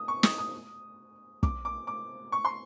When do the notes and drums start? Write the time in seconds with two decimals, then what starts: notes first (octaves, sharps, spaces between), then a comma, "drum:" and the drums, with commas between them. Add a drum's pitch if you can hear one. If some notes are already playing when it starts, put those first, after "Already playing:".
Already playing: D#6
0.08 C#6
0.23 D#6, drum: snare
0.38 D#6
1.43 D6, drum: kick
1.65 D6
1.87 D6
2.32 C#6
2.45 C6